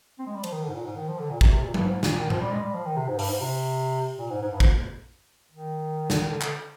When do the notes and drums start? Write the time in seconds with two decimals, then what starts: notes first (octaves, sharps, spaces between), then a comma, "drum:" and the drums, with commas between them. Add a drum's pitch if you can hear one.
0.19 C4
0.27 G#3
0.36 G3
0.44 F3, drum: cymbal
0.52 D#3
0.63 D3
0.69 G#2
0.75 A#2
0.85 G#2
0.96 D#3
1.08 F3
1.19 D3
1.31 A#2
1.41 C3, drum: kick
1.52 C3
1.64 A#2
1.74 G2, drum: tom F#3
1.86 G#2
2.03 A#2, drum: snare
2.19 D#3
2.30 F3, drum: tom A2
2.41 G3
2.52 G#3
2.64 G3
2.74 F3
2.86 D#3
2.97 C3
3.08 G#2
3.19 G2, drum: open hi-hat
3.30 G#2
3.41 C3
4.19 A#2
4.31 G#2
4.42 G#2
4.52 G2
4.60 G#2, drum: kick
5.52 D#3
6.10 D3, drum: snare
6.19 D#3
6.30 D3
6.41 D3, drum: clap